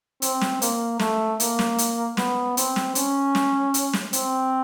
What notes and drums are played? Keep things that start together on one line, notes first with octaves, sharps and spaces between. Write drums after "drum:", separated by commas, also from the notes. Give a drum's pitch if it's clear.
C4, drum: hi-hat
drum: snare
A#3, drum: hi-hat
A3, drum: snare
A#3, drum: hi-hat
drum: snare
drum: hi-hat
B3, drum: snare
C4, drum: hi-hat
drum: snare
C#4, drum: hi-hat
drum: snare
drum: hi-hat
drum: snare
C4, drum: hi-hat